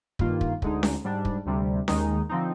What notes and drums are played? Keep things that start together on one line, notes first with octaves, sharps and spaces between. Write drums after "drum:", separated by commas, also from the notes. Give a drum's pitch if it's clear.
G2 D#3 A#3 F4, drum: kick
drum: kick
D2 D3 G#3 D#4, drum: kick
drum: snare C#4
G#2 G3 D4
drum: kick
D2 C3 G3
D#2 D#3 G#3 D#4, drum: snare C#4
D3 F3 C4 D#4